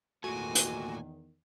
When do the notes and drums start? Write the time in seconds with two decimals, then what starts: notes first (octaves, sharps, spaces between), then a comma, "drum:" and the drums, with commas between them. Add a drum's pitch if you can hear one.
0.24 E2 A#2 D#3 A3 F#4 G#5
0.55 drum: hi-hat